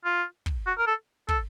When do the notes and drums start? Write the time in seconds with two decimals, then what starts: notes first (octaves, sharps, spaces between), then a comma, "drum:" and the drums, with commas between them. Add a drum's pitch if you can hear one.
0.05 F4
0.46 drum: kick
0.67 F#4
0.78 A#4
0.87 A4
1.29 A4, drum: kick